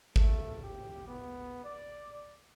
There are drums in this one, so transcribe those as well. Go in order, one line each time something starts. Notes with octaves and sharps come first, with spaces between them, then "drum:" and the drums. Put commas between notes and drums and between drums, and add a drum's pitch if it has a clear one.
A3, drum: kick G#1
G4
B3
D5